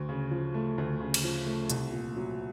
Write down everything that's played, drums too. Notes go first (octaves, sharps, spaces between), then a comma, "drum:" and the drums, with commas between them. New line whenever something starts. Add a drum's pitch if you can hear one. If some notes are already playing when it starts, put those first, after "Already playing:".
Already playing: D2
C#3
F3
A3
D2
C#3
drum: cymbal
F3
A3
C2, drum: hi-hat
A#2
F#3